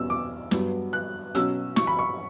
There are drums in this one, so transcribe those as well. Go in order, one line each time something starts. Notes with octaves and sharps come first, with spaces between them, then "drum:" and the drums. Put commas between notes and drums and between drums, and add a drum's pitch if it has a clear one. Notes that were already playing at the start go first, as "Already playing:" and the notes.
Already playing: E2 B2 G3 C#4 E6
D6
G2 F#3 B3, drum: snare
F#6
B2 F#3 C#4 E6, drum: hi-hat
C#6, drum: snare
B5
C#6